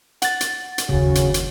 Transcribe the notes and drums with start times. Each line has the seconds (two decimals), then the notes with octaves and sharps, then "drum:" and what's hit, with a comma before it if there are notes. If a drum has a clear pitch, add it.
0.22 F#5 A6, drum: hi-hat
0.41 drum: hi-hat
0.78 drum: hi-hat
0.89 F#1 D#2 C#3 C#4 F#4
1.15 drum: hi-hat
1.34 drum: hi-hat